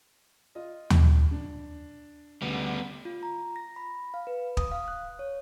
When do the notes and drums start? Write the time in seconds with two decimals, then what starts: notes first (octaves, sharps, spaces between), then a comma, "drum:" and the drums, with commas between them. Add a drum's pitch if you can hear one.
0.55 F4 D#5
0.90 drum: tom D#2
1.31 D4
2.42 D2 C#3 G3 B3
3.05 F4
3.23 A#5
3.56 A#6
3.76 B5
4.14 F5
4.27 B4
4.57 D#6, drum: kick
4.72 F5
4.88 F#6
5.19 C#5